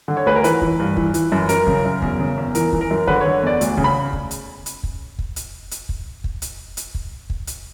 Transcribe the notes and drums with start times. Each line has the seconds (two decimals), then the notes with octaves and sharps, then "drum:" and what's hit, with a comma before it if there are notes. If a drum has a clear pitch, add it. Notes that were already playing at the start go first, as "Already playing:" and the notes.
0.08 D3
0.17 C#5
0.26 D2 B4
0.35 A#4
0.44 E3 B4, drum: hi-hat
0.62 E3, drum: kick
0.80 G2
0.97 E3, drum: kick
1.14 E3, drum: hi-hat
1.32 F#2
1.49 F#2 A#4, drum: hi-hat
1.67 C#3, drum: kick
1.85 F#2
2.02 E2, drum: kick
2.19 C#3
2.38 E2
2.55 E3 A#4, drum: hi-hat
2.73 E3, drum: kick
2.81 A#4
2.91 F#2
3.07 D3 B4, drum: kick
3.21 D3 C#5
3.43 E2 D5
3.61 D2, drum: hi-hat
3.77 C#3, drum: kick
3.84 B5
4.13 drum: kick
4.31 drum: hi-hat
4.66 drum: hi-hat
4.83 drum: kick
5.19 drum: kick
5.36 drum: hi-hat
5.71 drum: hi-hat
5.89 drum: kick
6.24 drum: kick
6.42 drum: hi-hat
6.77 drum: hi-hat
6.95 drum: kick
7.30 drum: kick
7.47 drum: hi-hat